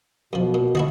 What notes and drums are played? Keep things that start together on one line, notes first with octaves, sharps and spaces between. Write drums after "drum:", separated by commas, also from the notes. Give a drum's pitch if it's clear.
F#2 B2 F3
A#2
E4 F#4 D#5, drum: tom